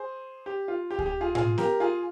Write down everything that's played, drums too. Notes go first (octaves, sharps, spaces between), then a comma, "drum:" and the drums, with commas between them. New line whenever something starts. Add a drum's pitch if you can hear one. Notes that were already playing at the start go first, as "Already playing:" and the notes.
Already playing: G#4 C5
G4
F4
G4
G#4, drum: kick D2
G4
F4 G#4
F4 G#4, drum: tom A2
G4 A#4, drum: snare B3
F4 G#4